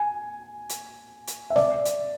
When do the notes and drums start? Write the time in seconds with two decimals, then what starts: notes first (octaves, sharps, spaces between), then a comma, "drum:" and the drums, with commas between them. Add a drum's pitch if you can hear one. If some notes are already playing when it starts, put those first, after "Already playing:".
Already playing: G#5
0.69 drum: hi-hat
1.27 drum: hi-hat
1.50 E5
1.56 D5, drum: snare
1.85 drum: hi-hat